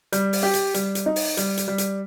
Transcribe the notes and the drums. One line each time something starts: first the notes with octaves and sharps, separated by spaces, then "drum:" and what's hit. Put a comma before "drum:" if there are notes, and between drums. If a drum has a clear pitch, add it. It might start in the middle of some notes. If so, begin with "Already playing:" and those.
G3, drum: hi-hat
drum: open hi-hat
G4
drum: hi-hat
G3, drum: hi-hat
drum: hi-hat
D#4
drum: open hi-hat
G3, drum: hi-hat
drum: hi-hat
G3
drum: hi-hat